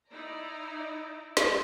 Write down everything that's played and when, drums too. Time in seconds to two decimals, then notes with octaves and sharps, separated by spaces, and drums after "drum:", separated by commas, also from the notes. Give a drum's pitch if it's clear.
0.10 D#4 E4 D5 A#5
1.37 drum: snare